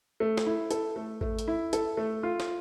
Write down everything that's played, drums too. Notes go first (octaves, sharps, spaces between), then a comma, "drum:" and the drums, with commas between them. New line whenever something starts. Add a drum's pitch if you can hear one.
A3
drum: snare
E4
A4, drum: hi-hat
A3
A3, drum: kick G#1
drum: hi-hat
E4
A4, drum: hi-hat
A3
F4
drum: snare